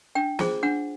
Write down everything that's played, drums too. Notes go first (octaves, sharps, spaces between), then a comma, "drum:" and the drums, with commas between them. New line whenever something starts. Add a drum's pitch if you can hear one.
D4 G5
F4 G#4 C5, drum: snare
D4 F#5